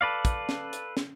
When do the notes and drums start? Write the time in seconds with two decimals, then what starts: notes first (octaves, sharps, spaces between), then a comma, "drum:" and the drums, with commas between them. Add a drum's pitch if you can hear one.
0.01 A4 B4 D5 F5
0.25 drum: kick, hi-hat
0.49 drum: snare
0.73 drum: hi-hat
0.97 drum: snare